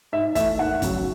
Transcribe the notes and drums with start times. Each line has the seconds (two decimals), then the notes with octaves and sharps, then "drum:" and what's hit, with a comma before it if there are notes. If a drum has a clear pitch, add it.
0.12 G#2 E5
0.35 E3 A3 E5, drum: kick, hi-hat
0.59 D#2 F#5
0.82 C#3 F#3, drum: kick, hi-hat